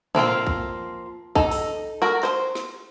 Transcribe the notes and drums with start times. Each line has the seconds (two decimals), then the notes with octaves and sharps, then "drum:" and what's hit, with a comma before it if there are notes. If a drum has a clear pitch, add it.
0.15 F3 A#3 C4 F4, drum: tom
0.47 drum: kick
1.35 D#4 A4, drum: kick
1.51 drum: open hi-hat
2.02 F#4 A#4
2.23 C5, drum: clap
2.55 drum: snare